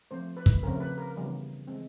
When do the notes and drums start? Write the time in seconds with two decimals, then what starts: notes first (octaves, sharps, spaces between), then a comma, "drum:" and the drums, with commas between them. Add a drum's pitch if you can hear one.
0.11 F3 A3 C4 C5
0.37 B4
0.46 drum: kick
0.63 C#3 F3 A3 C4 A#4
0.80 B4
0.98 A#4
1.16 C#3 E3 G3 B3
1.67 E3 G#3 C4